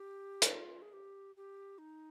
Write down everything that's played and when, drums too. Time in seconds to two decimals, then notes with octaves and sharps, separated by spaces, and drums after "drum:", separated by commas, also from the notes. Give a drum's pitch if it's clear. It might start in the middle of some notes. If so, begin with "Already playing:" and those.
Already playing: G4
0.42 drum: hi-hat
0.51 F4
0.82 G#4
0.93 G4
1.37 G4
1.78 D#4